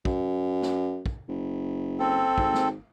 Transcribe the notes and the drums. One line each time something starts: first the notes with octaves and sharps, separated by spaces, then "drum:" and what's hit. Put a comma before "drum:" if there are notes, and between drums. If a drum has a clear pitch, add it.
F#2, drum: kick
drum: snare A#3
drum: kick
F#1
C4 A4
G#1, drum: kick
drum: snare A#3